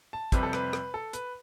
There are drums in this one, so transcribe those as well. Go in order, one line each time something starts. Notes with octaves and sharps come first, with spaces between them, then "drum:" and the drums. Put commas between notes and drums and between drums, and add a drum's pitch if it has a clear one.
A5
F2 C3 G3 C4 B4, drum: kick, hi-hat
A4
B4, drum: rim click
drum: rim click
A4
B4, drum: hi-hat